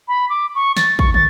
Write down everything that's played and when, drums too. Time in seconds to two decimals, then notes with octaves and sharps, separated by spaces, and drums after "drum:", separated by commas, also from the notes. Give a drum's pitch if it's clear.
0.08 B5
0.30 D6
0.55 C#6
0.77 A6, drum: snare
0.99 C#6, drum: kick
1.14 A6, drum: tom